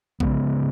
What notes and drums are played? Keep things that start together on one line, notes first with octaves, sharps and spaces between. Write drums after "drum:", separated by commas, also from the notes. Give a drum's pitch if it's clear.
C#3 G#3 B3, drum: kick A#1